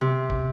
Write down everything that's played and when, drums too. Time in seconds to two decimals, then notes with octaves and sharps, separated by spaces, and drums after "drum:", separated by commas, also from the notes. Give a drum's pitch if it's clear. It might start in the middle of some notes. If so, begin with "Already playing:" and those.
0.01 C3
0.30 drum: kick